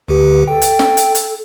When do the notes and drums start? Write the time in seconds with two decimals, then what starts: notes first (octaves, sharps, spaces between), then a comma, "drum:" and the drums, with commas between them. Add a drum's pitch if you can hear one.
0.08 D2 D3 G4 B4
0.48 A4 G5
0.62 drum: hi-hat
0.79 drum: snare
0.97 drum: hi-hat
1.15 drum: hi-hat